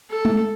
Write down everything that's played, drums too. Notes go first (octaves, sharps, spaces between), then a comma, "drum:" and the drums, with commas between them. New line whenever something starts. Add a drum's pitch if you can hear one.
A4
drum: tom